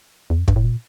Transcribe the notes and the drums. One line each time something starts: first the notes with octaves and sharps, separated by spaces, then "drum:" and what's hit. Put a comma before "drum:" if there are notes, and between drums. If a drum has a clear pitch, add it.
E2
F2
G2, drum: kick
A2
A#2